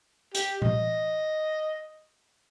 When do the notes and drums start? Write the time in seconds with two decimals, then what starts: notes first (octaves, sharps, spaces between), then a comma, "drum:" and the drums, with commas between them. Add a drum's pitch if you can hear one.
0.35 G4, drum: hi-hat
0.62 D#5, drum: tom A#2